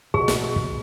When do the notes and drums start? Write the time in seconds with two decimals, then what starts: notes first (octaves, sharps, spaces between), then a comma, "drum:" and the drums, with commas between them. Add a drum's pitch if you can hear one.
0.14 B2 G#4, drum: kick
0.28 drum: snare
0.56 drum: kick